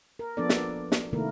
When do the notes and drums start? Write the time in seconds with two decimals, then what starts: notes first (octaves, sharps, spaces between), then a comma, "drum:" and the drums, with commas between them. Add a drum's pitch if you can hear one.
0.19 A#4
0.37 F3 A#3 B3 D4 A4 D5
0.49 drum: snare
0.92 drum: snare
1.13 C3 D#3 A3 A#3 E4 A#4